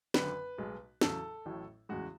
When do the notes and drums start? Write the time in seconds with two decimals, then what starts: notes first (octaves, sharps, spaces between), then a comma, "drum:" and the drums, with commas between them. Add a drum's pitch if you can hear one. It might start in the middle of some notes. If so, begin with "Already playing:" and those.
0.14 G#1 F#2 D3 B4, drum: snare
0.58 B1 B2 G#3
1.01 E2 C#3 F#3 A4, drum: snare
1.45 A1 A2 F#3
1.89 E2 C#3 G#3 F#4